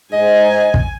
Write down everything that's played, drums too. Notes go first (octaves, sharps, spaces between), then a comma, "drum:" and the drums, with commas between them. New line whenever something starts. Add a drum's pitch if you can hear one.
G#2 D#5 G#5
drum: kick